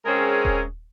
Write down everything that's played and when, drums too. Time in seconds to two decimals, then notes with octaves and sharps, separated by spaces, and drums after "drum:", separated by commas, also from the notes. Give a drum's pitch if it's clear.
0.05 C#3 G#3 C4 C#4 G#4 A#4
0.45 drum: kick D#1